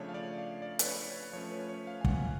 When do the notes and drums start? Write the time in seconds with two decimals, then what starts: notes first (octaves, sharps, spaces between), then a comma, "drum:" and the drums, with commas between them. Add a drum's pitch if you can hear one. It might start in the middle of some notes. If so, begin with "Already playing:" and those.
Already playing: C#3 F3 A3 D4 C#5
0.09 F5
0.14 D5
0.38 F5
0.62 D5
0.79 B4, drum: hi-hat
0.86 C#5
1.33 F3 A3 C#4 C#5
1.51 B4
1.69 C#5
1.87 F5
2.01 G#5
2.05 F#5, drum: kick